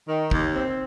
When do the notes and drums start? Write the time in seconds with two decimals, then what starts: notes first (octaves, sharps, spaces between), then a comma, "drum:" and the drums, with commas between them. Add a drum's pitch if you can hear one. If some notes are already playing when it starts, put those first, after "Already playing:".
0.09 D#3
0.31 D#2, drum: kick
0.54 C4